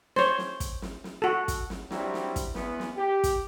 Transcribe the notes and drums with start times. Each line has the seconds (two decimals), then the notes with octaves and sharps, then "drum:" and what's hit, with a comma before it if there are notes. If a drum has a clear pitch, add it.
0.16 C5 C#5, drum: snare
0.38 drum: snare
0.60 drum: kick, hi-hat
0.82 drum: snare
1.04 drum: snare
1.22 F#4 A4
1.48 drum: kick, hi-hat
1.70 drum: snare
1.91 F#3 G3 C4 D4 E4, drum: snare
2.14 drum: snare
2.36 drum: kick, hi-hat
2.55 E2 E3 G#3 B3, drum: snare
2.80 drum: snare
2.97 G4
3.24 drum: kick, hi-hat